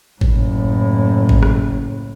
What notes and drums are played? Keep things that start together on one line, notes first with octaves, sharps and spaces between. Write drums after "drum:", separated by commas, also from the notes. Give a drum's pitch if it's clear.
F#1 A2, drum: kick G#1
drum: kick G#1
drum: rim click